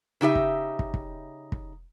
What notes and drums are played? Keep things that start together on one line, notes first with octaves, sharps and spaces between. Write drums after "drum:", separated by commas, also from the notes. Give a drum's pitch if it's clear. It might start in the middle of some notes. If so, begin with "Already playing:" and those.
C#3 D#4 G4 E5
drum: kick
drum: kick
drum: kick
drum: kick